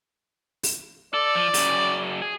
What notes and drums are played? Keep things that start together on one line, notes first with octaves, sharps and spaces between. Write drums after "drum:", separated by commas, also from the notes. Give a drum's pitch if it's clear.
drum: open hi-hat
A4 D5
F3
F#2 C#3, drum: open hi-hat
G#4